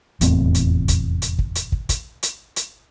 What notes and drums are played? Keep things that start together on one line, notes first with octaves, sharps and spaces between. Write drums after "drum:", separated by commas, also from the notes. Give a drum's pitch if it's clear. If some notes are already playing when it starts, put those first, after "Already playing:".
F1 E2 A2 C4, drum: hi-hat
drum: hi-hat
drum: kick, hi-hat
drum: hi-hat
drum: kick
drum: hi-hat
drum: kick
drum: kick, hi-hat
drum: hi-hat
drum: hi-hat